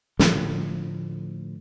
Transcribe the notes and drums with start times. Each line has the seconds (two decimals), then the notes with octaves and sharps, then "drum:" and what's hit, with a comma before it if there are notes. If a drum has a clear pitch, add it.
0.19 A2 D3 F3 A3, drum: snare